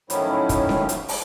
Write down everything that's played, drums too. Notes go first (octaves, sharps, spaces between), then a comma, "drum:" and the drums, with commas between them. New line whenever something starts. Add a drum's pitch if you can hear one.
A2 D#3 F3 F#3 C#4 E4, drum: hi-hat
drum: kick, hi-hat
drum: snare C#4
drum: hi-hat
drum: open hi-hat